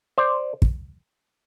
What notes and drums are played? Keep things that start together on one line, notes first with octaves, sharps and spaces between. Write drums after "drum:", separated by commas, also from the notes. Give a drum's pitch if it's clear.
C5 D5
drum: kick